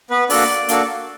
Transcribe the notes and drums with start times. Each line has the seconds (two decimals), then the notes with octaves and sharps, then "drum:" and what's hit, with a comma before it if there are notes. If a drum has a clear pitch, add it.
0.10 B3 B4
0.30 A#3 D4 F#4 A4 D5, drum: open hi-hat
0.69 A#3 D4 F#4 A4, drum: hi-hat